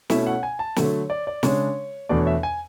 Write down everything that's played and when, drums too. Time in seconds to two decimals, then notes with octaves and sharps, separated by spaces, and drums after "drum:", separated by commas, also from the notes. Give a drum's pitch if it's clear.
0.10 B2 A3 C#4 E4 E5, drum: snare
0.27 F#5
0.43 G#5
0.59 A5
0.76 D3 F#3 A3 C#5, drum: snare
1.10 D5
1.27 D5
1.43 C#3 G#3 D4 C#5, drum: snare
2.09 E2 B2 A3 D4 D5
2.18 C#5
2.27 E5
2.43 G#5